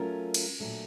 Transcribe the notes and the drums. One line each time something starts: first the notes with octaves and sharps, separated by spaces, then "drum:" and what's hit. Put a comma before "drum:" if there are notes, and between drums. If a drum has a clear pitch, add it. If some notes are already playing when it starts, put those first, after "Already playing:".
Already playing: F#3 A3 C#4 F4 A#4
drum: cymbal
A#2 F#3 A3 D4